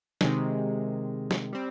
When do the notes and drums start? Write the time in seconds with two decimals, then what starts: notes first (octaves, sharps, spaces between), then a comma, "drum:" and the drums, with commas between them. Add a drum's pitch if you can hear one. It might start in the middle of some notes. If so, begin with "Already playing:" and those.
0.21 C3 D#3 G#3, drum: snare
1.31 drum: snare
1.53 G3 C4